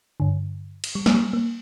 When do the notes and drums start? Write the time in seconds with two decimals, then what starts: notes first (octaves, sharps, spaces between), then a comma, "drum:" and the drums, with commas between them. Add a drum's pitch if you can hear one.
0.20 G2 D3
0.84 drum: cymbal
0.95 G3
1.06 A#3, drum: snare
1.15 G3
1.33 A#3